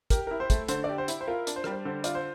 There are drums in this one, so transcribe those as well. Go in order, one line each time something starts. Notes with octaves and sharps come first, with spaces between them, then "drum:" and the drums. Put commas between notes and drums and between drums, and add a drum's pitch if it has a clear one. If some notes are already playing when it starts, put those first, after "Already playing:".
G4 A#4, drum: kick, hi-hat
E4 A#4
C5
A3, drum: kick, hi-hat
D3 C5, drum: hi-hat
G4 D5
C5
E4, drum: hi-hat
C5
F4 A#4
D4, drum: hi-hat
C5
G3 A#4, drum: rim click
C5
D3 C5
F4 D5, drum: hi-hat
C5